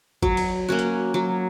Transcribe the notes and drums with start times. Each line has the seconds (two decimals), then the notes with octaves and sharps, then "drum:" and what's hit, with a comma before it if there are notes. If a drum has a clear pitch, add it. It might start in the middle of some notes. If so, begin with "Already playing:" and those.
0.22 F#3, drum: kick
0.37 drum: cymbal
0.68 A#3 C#4 F#4
0.79 drum: hi-hat
1.14 F#3